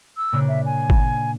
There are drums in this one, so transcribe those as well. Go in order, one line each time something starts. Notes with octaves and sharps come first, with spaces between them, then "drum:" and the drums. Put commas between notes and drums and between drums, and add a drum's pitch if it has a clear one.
E6
A#2 C#3 D4
E5
G#5
drum: kick G#1